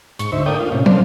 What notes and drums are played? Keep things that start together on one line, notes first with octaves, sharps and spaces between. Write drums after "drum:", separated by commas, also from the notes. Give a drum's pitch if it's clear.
G#2 C#6, drum: hi-hat
D2 D#4 C5 E5
A3 A#3 D5 G5 D#6
D4 F4 F5
A2 C3 C#4
C#3 D4 C5 F5, drum: tom